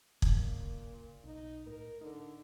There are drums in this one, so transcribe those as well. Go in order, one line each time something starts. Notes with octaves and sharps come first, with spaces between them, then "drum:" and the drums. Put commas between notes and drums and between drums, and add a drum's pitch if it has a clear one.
A#2 C#3, drum: kick
B1 D#4
A2 A#4
D3 D#4